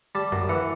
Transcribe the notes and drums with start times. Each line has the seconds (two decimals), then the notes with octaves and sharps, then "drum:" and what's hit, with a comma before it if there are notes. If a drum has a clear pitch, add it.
0.15 G3 A5
0.32 F#2, drum: tom F#2
0.49 E3 F#5